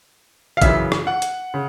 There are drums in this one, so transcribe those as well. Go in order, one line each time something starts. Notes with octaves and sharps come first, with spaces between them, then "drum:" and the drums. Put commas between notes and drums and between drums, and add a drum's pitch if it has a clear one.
F5
F#2 C#3 E3 E5, drum: kick A1, hi-hat
drum: rim click
F#5
drum: hi-hat
C#3